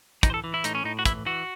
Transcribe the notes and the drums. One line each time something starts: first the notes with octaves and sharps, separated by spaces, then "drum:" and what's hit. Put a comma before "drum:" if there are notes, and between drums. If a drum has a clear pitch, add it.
E3 D#4, drum: kick, hi-hat
C5
A4
E3
E4
A2 D#4, drum: hi-hat
C#4
A2 D#4
F#4
E3 E4, drum: kick, hi-hat
E3 F#4